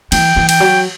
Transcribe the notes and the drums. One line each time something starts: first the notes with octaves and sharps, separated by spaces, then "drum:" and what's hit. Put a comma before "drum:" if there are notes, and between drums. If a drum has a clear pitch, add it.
E3 G5, drum: cymbal
E3
G5, drum: cymbal
F#3